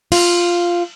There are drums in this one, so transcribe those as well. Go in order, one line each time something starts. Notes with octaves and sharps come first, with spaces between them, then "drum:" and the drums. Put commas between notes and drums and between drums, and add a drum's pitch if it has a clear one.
F4, drum: cymbal